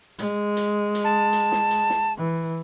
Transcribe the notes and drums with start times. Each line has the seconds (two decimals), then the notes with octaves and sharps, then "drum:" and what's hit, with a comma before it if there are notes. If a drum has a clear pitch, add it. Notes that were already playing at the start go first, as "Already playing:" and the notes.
0.19 G#3, drum: hi-hat
0.57 drum: hi-hat
0.95 drum: hi-hat
1.04 A5
1.33 drum: hi-hat
1.52 drum: snare
1.71 drum: hi-hat
1.90 drum: snare
2.18 E3